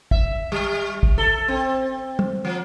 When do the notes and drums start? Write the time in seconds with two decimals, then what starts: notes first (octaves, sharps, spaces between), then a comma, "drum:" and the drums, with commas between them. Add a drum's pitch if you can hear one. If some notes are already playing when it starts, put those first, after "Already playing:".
0.11 E5, drum: kick
0.52 G3
1.03 drum: kick
1.18 A4
1.48 C4
2.19 drum: tom
2.45 F3